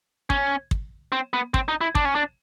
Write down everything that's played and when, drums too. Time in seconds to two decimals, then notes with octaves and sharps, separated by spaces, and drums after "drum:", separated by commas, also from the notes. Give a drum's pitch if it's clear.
0.30 C#4, drum: kick
0.71 drum: kick
1.12 C4
1.33 B3
1.54 C4, drum: kick
1.68 D#4
1.81 E4
1.95 D4, drum: kick
2.05 C#4
2.15 D4